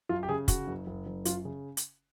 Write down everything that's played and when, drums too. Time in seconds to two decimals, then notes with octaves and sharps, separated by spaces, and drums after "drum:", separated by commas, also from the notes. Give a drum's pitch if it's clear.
0.09 F#2 F4
0.23 G4
0.28 C#3 G#4
0.48 C#3 F#4, drum: kick, hi-hat
0.68 F#1
0.87 F#1
1.06 F#1
1.25 F#2 F4, drum: hi-hat
1.45 C#3
1.77 drum: hi-hat